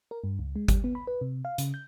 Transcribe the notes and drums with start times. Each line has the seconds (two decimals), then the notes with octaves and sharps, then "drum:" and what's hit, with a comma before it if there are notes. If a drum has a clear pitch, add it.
0.11 A#4
0.24 G2
0.39 C#2
0.56 G#3
0.68 G3, drum: kick, hi-hat
0.84 B3
0.95 B5
1.07 B4
1.21 C3
1.45 F5
1.58 C#3, drum: hi-hat
1.74 G6